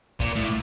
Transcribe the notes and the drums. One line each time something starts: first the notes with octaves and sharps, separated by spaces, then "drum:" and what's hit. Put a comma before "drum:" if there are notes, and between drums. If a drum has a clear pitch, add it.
A#2, drum: kick, hi-hat
A2, drum: hi-hat